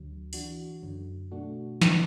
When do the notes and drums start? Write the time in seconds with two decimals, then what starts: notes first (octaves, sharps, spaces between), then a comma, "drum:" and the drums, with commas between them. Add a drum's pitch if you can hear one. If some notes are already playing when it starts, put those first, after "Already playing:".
Already playing: D2 D3 F#3
0.33 E3 D4 F#4, drum: open hi-hat
0.82 F#2 D3 F#3
1.32 B2 A3 D4 F#4
1.82 E3 B3 D4, drum: snare